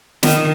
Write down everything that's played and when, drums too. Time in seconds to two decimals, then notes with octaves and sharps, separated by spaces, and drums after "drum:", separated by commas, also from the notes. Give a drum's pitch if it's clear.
0.23 D#3, drum: snare